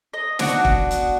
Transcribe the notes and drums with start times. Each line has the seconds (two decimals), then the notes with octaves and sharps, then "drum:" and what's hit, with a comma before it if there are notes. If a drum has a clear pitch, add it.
0.14 D#5
0.39 B3 D4 F#4, drum: snare
0.65 drum: kick
0.91 drum: hi-hat